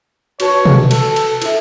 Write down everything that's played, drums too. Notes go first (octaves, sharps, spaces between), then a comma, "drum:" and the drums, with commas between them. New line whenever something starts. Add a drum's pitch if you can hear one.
F#4 B4 C#5 A5 C#6, drum: cymbal
drum: tom B2
A4, drum: cymbal
drum: cymbal
E4 A4 E5, drum: cymbal